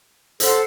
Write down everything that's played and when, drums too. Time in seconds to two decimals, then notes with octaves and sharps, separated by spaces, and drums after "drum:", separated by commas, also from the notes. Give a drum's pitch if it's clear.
0.40 A4 C5 F#5 C6, drum: hi-hat